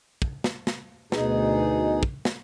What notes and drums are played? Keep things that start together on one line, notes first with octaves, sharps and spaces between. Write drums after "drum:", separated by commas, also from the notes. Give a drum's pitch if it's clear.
drum: kick
drum: snare
drum: snare
D2 B2 D#4 G#4, drum: snare
drum: kick
drum: snare